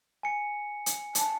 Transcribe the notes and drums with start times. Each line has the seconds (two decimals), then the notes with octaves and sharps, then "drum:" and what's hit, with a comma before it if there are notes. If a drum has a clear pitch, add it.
0.23 G#5 C#7
0.86 drum: hi-hat
1.15 A5, drum: hi-hat